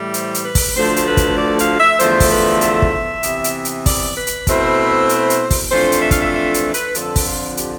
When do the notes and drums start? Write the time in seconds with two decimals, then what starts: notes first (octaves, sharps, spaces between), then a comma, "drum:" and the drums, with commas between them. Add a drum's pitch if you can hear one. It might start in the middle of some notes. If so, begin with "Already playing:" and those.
Already playing: A2 E3 G3
0.14 C5, drum: hi-hat
0.34 drum: hi-hat
0.44 B4
0.55 drum: kick, open hi-hat
0.76 D2 D3 F3 A3 C5
0.96 drum: hi-hat
1.07 B4
1.17 drum: kick, hi-hat
1.38 D5
1.59 F5, drum: hi-hat
1.79 E5
1.99 E2 D3 F3 A3 C5, drum: hi-hat
2.20 drum: kick, open hi-hat
2.31 B4
2.61 E5, drum: hi-hat
2.82 drum: kick
3.23 C3 E3 B3, drum: hi-hat
3.44 drum: hi-hat
3.65 drum: hi-hat
3.86 D5, drum: kick, open hi-hat
4.16 B4
4.27 drum: hi-hat
4.47 B2 A3 C4 E4 C5, drum: kick, hi-hat
5.09 drum: hi-hat
5.30 drum: hi-hat
5.51 drum: kick, open hi-hat
5.71 F2 E3 A3 D4 F4 C5
5.92 drum: hi-hat
6.02 E5
6.11 F5, drum: kick, hi-hat
6.20 E5
6.33 E5
6.54 C5, drum: hi-hat
6.74 B4, drum: hi-hat
6.95 F2 D3 F3 A4, drum: hi-hat
7.16 drum: kick, open hi-hat
7.25 F4
7.57 G4, drum: hi-hat